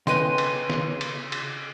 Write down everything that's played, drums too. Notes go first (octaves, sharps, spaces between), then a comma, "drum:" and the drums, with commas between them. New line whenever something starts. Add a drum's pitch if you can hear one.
C#3 B4 D#5 G5 C6 D#7, drum: snare
drum: cymbal
drum: snare
drum: cymbal
drum: cymbal